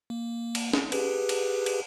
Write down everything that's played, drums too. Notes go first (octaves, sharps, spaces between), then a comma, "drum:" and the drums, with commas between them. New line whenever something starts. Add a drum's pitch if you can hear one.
A#3
drum: cymbal
drum: snare
G4 G#4 B4, drum: cymbal
drum: cymbal
drum: cymbal